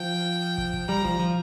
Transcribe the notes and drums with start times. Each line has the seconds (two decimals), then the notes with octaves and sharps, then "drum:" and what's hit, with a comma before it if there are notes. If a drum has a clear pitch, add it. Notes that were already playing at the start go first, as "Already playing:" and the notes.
Already playing: F3 G5
0.58 drum: kick
0.73 drum: kick
0.89 G3 A#5
1.05 F3, drum: kick
1.19 F3